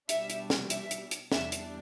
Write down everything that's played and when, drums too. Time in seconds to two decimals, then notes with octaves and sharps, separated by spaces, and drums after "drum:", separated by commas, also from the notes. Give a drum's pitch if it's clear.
0.09 B2 G3 D4 E5, drum: hi-hat
0.30 drum: hi-hat
0.50 drum: snare
0.70 E5, drum: hi-hat
0.91 drum: hi-hat
1.11 drum: hi-hat
1.32 E2 E3 G3 D4 E5, drum: snare
1.52 drum: hi-hat